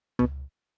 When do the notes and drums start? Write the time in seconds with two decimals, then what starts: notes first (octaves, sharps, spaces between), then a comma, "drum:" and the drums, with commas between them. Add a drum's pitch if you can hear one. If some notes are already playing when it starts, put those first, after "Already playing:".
0.19 B2, drum: tom C#2